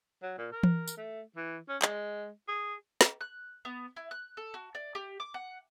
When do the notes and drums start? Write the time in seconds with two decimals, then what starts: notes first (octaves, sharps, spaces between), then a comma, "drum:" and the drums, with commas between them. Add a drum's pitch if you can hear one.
0.23 F#3
0.38 A#2
0.52 A#4
0.63 drum: tom E3
0.88 drum: tambourine
0.97 A3
1.36 E3
1.69 C#4
1.82 G#3, drum: clap
2.48 G#4
3.01 drum: snare
3.21 F#6
3.65 B3
3.96 E4
4.11 F#6
4.37 A4
4.54 F#4
4.75 D5
4.95 G4
5.20 D6
5.34 F#5